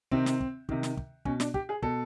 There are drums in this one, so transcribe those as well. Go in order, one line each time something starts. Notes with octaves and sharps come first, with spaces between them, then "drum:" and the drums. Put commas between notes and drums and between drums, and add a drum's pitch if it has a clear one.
C3 D#3 C4, drum: kick
drum: snare
drum: kick
C3 D#3, drum: kick
drum: snare
drum: kick
B2 C#4, drum: kick
D4, drum: snare
G4, drum: kick
G#4
B2 A4, drum: kick